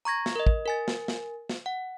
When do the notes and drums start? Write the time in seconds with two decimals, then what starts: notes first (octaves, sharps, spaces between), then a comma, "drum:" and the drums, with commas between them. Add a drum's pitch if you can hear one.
0.05 A#5 C#6 G#6 A#6
0.26 drum: snare
0.36 A#4 D#5
0.47 drum: kick
0.66 A#4 G#5 A6
0.88 drum: snare
1.08 drum: snare
1.49 drum: snare
1.66 F#5